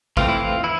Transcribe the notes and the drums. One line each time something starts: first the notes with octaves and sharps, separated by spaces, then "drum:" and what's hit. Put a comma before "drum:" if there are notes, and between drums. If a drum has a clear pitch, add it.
E3 A3 C4 F4, drum: kick A1
E4
F4
E3 E4